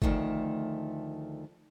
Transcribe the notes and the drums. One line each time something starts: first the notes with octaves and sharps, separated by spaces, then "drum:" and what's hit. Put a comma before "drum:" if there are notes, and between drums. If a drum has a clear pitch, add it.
D2 D#3 F3 A3, drum: kick G1